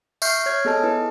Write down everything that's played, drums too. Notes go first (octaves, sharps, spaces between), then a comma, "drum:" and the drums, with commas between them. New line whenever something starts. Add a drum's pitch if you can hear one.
E5 C#6 F6 G6 C7, drum: tambourine
C#5 F6 G#6
B3 G#4 A4 D#5 A5
E4 B4 A5